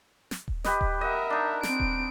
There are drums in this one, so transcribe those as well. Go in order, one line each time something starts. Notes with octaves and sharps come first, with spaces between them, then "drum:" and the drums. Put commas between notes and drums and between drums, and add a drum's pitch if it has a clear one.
drum: snare
drum: kick D#1
G4 B4 D#5, drum: snare
drum: kick D#1
A#4 D#5 E5 F#5
D4 D#4
C4 D7, drum: snare
drum: kick D#1